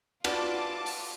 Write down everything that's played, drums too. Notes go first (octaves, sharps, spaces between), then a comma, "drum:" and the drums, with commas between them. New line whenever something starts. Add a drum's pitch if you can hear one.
F4 F#4 B4 D5 A5 D6, drum: cymbal
drum: open hi-hat